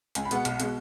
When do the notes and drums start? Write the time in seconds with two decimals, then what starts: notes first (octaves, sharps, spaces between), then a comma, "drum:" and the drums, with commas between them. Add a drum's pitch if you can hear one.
0.15 C#2 G#5, drum: hi-hat
0.25 B5
0.31 B2 G#3 B3 F#5, drum: hi-hat
0.45 B1, drum: hi-hat
0.60 B2 G#3, drum: hi-hat